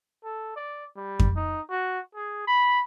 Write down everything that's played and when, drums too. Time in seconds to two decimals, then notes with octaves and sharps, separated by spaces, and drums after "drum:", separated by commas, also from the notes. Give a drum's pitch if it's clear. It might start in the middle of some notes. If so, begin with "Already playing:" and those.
0.24 A4
0.56 D5
0.96 G3
1.19 drum: kick F2
1.36 D#4
1.70 F#4
2.15 G#4
2.47 B5